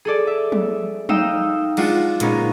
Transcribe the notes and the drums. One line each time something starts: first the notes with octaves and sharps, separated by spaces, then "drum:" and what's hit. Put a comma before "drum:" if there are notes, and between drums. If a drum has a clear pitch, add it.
G#4 A4 D5
E5
drum: tom F3
D#4 F5 G5 D#6 E6 E7, drum: tom F3
G#3 D4 F4 F#5, drum: cymbal
A#2 G#3 B3 C#4 D#4, drum: hi-hat